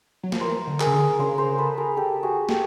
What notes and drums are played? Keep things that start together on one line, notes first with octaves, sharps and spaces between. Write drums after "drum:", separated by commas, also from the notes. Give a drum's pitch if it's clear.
F#3
F3, drum: snare
E3 A#4 C5
D3
G#4 A#4, drum: clap
C#3
D3
C#3 A#4 C5
A#4 C5
A4 B4
G#4 A#4
G4 A4
F#4 G#4
G4 A4, drum: snare